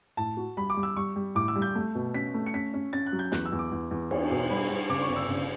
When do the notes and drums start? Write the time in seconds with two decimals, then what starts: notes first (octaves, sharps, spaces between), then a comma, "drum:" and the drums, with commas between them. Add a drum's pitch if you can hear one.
0.17 A2 A5
0.37 F#4
0.57 G3 B5
0.70 D6
0.77 G3
0.83 E6
0.97 G3 C#6
1.16 G3
1.35 A2 D6
1.48 E6
1.55 G3
1.62 G6
1.75 A3
1.95 B2
2.14 C#4 B6
2.34 A3
2.46 C#7
2.54 C#4 B6
2.74 C#4
2.93 C#4 A6
3.06 F#6
3.12 F#3
3.19 G6
3.32 E2 F#6, drum: snare
3.46 E6
3.52 E2
3.59 D6
3.72 E2
3.91 E2
4.11 E2, drum: cymbal
4.31 B2
4.50 G3 B5
4.70 G3
4.89 C#3 D6
5.02 C#6
5.09 G1
5.16 E6
5.29 C#3